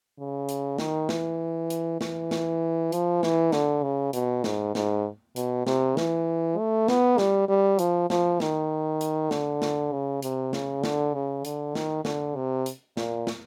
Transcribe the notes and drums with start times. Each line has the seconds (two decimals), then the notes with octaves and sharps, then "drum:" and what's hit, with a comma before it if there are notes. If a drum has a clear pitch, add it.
0.19 C#3
0.49 drum: hi-hat
0.78 D#3, drum: snare
1.09 E3, drum: snare
1.70 drum: hi-hat
2.01 E3, drum: snare
2.31 drum: snare
2.92 F3, drum: hi-hat
3.23 E3, drum: snare
3.52 D3, drum: snare
3.83 C#3
4.13 B2, drum: hi-hat
4.44 G#2, drum: snare
4.75 G#2, drum: snare
5.36 B2, drum: hi-hat
5.67 C3, drum: snare
5.97 E3, drum: snare
6.58 A3
6.88 B3, drum: snare
7.18 G3, drum: snare
7.48 G3
7.79 F3, drum: hi-hat
8.10 F3, drum: snare
8.40 D#3, drum: snare
9.01 drum: hi-hat
9.31 D3, drum: snare
9.62 drum: snare
9.92 C#3
10.22 C3, drum: hi-hat
10.53 C#3, drum: snare
10.84 D3, drum: snare
11.14 C#3
11.45 D3, drum: hi-hat
11.75 D#3, drum: snare
12.05 D3, drum: snare
12.36 C3
12.66 drum: hi-hat
12.97 A#2, drum: snare
13.27 drum: snare